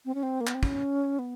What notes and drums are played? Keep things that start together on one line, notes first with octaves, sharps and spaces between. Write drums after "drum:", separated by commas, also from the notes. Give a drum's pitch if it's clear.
C4
C#4
C4
A#3
B3, drum: clap
C4
C#4, drum: kick
B3